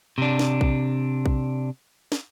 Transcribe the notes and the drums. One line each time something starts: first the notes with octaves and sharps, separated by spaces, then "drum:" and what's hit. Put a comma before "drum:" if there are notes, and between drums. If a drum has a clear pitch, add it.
C3 D4
drum: snare
drum: kick A#1
drum: kick A#1
drum: snare